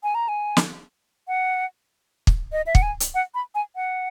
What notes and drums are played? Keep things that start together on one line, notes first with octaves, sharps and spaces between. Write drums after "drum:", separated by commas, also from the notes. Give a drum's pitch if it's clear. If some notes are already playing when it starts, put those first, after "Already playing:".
G#5
A#5
G#5
drum: snare
F#5
drum: kick
D#5
E5
F#5, drum: kick
G#5
drum: hi-hat
F#5
B5
G#5
F#5